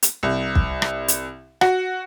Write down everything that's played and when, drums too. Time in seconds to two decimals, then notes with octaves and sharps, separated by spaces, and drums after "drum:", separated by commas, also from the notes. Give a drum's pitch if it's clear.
0.03 drum: hi-hat
0.23 C2
0.55 drum: kick
0.82 drum: rim click
1.08 drum: hi-hat
1.61 F#4, drum: rim click